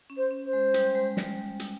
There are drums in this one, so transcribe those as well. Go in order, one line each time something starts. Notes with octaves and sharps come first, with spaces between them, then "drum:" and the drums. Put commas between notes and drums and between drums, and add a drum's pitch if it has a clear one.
C#4
C5
C#4
C5
G#3
G3, drum: hi-hat
G#3
G3, drum: snare
drum: hi-hat